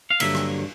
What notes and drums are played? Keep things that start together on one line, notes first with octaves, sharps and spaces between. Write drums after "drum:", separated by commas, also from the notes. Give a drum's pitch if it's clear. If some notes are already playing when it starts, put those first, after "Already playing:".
F5
G2 D3 F#3 A#3 E5, drum: cymbal
drum: rim click